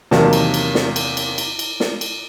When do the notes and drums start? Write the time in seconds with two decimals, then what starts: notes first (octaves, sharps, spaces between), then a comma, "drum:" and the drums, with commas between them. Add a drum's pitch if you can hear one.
0.11 E2 C3 D#3 F#3 A#3 A5, drum: snare
0.33 drum: cymbal
0.54 drum: cymbal
0.75 drum: snare
0.96 drum: cymbal
1.17 drum: cymbal
1.38 drum: cymbal
1.59 drum: cymbal
1.80 drum: snare
2.01 drum: cymbal